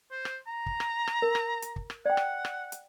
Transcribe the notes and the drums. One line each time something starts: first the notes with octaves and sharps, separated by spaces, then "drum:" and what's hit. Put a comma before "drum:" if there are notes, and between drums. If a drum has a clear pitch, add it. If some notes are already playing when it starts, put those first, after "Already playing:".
C5
drum: rim click
A#5
drum: kick
drum: rim click
drum: rim click
A#4
drum: rim click
drum: hi-hat
drum: kick
drum: rim click
D5 F#5 G5
drum: rim click
drum: rim click
drum: hi-hat